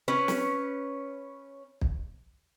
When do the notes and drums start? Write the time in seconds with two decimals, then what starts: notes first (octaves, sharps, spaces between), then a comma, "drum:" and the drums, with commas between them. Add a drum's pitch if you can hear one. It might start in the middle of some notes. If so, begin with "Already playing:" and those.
0.08 C#4 B4
0.28 drum: snare
1.81 drum: kick